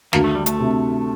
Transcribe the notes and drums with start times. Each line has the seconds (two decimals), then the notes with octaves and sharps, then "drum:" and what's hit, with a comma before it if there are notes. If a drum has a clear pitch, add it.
0.13 D2 A#3, drum: snare
0.24 A3
0.35 G3
0.46 A3, drum: hi-hat
0.60 C3